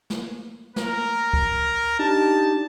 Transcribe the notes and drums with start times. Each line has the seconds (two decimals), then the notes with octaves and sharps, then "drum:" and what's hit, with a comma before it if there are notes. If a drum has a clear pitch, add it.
0.10 drum: snare
0.76 A#4, drum: snare
1.33 drum: kick
1.99 D4 D#4 G4 A5